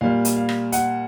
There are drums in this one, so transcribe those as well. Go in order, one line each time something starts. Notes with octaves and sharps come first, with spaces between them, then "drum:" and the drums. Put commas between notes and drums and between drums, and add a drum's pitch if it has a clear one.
A#2 G3 F5
drum: hi-hat
F5
drum: rim click
F#5, drum: hi-hat